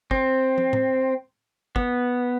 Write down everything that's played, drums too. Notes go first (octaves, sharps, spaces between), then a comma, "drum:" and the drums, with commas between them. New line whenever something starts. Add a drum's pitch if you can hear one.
C4, drum: kick
drum: tom
drum: tom A2
B3, drum: kick